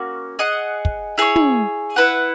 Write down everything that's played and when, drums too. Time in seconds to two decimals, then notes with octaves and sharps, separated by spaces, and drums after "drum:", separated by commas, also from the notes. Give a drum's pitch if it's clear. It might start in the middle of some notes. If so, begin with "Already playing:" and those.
Already playing: A#3 C#4 F#4
0.39 G#4 D#5 F#5
0.85 drum: kick
1.18 E4 G#4 C#5
1.36 drum: tom
1.96 E4 B4 F#5